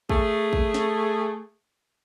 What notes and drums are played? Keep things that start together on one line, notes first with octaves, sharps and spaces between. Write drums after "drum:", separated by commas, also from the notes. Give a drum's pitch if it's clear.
A3 G#4, drum: kick
drum: kick
drum: snare